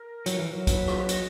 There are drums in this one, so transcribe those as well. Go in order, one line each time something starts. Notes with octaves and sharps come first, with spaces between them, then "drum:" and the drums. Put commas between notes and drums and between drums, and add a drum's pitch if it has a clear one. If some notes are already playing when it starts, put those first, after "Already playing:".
Already playing: A#4
F#3, drum: hi-hat
E3
F#3
B4, drum: kick, hi-hat
drum: rim click
D#5, drum: hi-hat